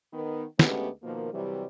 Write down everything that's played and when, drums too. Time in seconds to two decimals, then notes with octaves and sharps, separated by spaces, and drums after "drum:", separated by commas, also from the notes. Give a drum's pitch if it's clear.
0.14 D#3 B3
0.59 D2 G#3 A3 B3 C#4 G4, drum: snare
1.03 B2 D#3 F3 A#3
1.33 C3 E3 F#3 G3